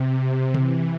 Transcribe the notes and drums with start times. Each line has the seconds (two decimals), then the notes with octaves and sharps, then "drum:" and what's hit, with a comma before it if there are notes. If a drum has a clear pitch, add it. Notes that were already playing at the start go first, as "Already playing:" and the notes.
Already playing: C3
0.54 E3, drum: tom C3